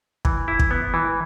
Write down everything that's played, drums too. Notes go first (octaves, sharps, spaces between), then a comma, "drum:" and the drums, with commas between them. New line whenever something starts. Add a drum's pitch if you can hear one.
E3, drum: kick
E4
drum: kick
B3
E3